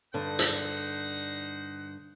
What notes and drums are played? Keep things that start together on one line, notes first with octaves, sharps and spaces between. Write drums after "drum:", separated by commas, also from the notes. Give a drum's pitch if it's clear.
G2 D3 D#4 C5 F#5
drum: hi-hat